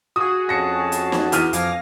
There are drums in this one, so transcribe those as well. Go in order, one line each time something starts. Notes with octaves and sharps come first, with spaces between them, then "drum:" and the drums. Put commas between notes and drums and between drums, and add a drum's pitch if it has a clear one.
F#4 G#4 D#6
F2 C#4 A5 A#6 C#7
drum: hi-hat
drum: snare
E2 F6 D#7, drum: hi-hat
F2 F3 F5 G#5 D6 F6 A#6, drum: hi-hat